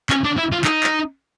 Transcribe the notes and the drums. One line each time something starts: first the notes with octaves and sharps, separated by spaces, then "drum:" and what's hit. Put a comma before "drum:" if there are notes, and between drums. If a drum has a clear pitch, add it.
C#4, drum: clap
D4
E4
F4
D#4, drum: clap
drum: clap